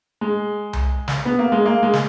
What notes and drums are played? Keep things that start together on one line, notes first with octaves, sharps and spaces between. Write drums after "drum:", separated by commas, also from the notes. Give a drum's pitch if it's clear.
G#3
drum: tom C2
drum: snare
B3
A#3
G#3
A#3
G#3
drum: snare